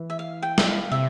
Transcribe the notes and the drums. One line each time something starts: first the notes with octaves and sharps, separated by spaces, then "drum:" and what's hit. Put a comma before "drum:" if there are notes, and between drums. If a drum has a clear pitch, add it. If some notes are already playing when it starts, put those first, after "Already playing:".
Already playing: E3
E5
F5
G5
E5, drum: snare
F5
C3 E5